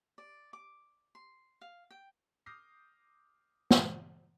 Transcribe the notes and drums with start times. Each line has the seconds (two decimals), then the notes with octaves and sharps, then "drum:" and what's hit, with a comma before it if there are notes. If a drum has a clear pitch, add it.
0.18 D5
0.53 D6
1.15 C6
1.61 F5
1.91 G5
2.46 D6 D#6 F6 G6 A#6 C7
3.71 drum: snare